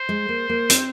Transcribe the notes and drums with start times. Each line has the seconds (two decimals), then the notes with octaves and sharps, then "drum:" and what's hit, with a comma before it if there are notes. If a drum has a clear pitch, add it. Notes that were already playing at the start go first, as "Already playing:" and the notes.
Already playing: C5
0.09 G#3
0.29 A#3
0.49 A#3
0.70 C4, drum: hi-hat